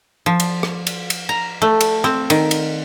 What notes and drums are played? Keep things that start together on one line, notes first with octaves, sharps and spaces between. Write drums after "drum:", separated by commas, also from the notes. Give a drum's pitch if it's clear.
F3
drum: cymbal
drum: rim click
drum: cymbal
drum: cymbal
A#5
A3
drum: cymbal
C4, drum: rim click
D#3, drum: cymbal
drum: cymbal